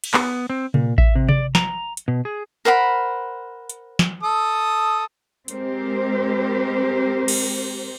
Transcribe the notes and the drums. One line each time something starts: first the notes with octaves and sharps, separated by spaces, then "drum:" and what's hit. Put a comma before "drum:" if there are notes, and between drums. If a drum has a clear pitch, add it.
drum: cymbal
B3, drum: clap
C4
A#2, drum: tom C3
E5, drum: kick A1
C3
D5, drum: tom C3
A#5, drum: snare
drum: hi-hat
B2
G#4
A#4 C5 F#5 B5
drum: hi-hat
drum: snare
A4 D#6
G#3 C4 G4 A#4 C5, drum: hi-hat
drum: cymbal